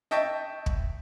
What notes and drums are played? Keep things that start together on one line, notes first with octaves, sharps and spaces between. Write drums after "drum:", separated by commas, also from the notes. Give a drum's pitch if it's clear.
D#5 E5 G5 A5 C#6
drum: kick